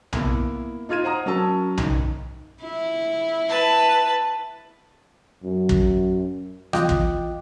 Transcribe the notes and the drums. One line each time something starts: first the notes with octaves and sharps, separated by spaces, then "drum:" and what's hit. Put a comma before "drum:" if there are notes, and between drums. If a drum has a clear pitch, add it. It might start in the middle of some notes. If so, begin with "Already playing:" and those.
A#3 B3 E4, drum: tom B1
D#4 F4 F6 G#6 D#7
C5 F#5 A#5 D#6
F#3 C#4 A#4 A5 E6
D#3, drum: tom B1
E4
B4 A5
F#2
drum: kick
E2 F4 D#5 G5 D6 F#6, drum: rim click
drum: kick